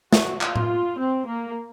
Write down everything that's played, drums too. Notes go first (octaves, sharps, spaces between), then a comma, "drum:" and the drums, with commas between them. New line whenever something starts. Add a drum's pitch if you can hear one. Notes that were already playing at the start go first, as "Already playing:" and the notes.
F#4, drum: snare
F4, drum: clap
drum: tom A2
C4
A#3